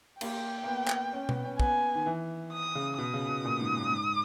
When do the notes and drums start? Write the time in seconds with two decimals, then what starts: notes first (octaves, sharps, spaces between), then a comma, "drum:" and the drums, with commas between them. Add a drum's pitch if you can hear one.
0.21 A#3 G5, drum: cymbal
0.63 A#3
0.66 B3
0.88 drum: clap
1.13 C#4
1.29 B3, drum: tom B2
1.44 C#4
1.60 B3 G#5, drum: kick
1.95 D#3
2.06 E3
2.52 D#6
2.75 C#3
2.98 B2 D#6
3.14 C#3
3.29 B2
3.44 A#2
3.59 G#2
3.75 G#2
3.90 G#2